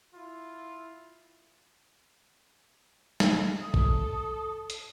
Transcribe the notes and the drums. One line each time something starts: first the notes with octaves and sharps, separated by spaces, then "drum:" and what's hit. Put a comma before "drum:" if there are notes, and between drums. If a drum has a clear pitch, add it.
E4 F4
drum: snare
A4 D#6
drum: kick
drum: hi-hat